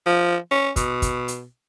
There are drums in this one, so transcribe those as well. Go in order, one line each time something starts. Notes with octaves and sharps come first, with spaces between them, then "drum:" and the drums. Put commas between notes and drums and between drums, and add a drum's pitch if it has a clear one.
F3
C#4
B2, drum: kick, hi-hat
drum: kick, hi-hat
drum: hi-hat